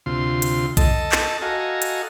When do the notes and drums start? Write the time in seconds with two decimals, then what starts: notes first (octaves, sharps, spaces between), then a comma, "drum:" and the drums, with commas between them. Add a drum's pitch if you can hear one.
0.06 D2 C3 F4 C6
0.42 drum: hi-hat
0.77 A4 D#5 A5, drum: kick B1, hi-hat
1.12 drum: clap
1.42 F#4 A4 D#5 F5 G#5 A#5
1.82 drum: hi-hat